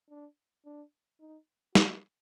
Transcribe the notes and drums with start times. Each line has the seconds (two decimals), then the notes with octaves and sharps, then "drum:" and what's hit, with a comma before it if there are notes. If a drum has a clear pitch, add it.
0.09 D4
0.65 D4
1.20 D#4
1.75 F#4, drum: snare